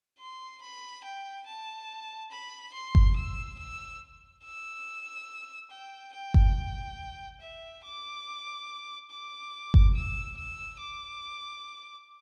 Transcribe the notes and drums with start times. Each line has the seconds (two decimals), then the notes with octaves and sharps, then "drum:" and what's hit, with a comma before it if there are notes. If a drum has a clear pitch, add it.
0.19 C6
0.61 B5
1.04 G5
1.46 A5
2.31 B5
2.73 C6
2.95 drum: kick G1
3.16 E6
3.58 E6
4.44 E6
5.70 G5
6.14 G5
6.34 drum: kick G1
7.40 E5
7.83 D6
9.10 D6
9.74 drum: kick G1
9.95 E6
10.37 E6
10.80 D6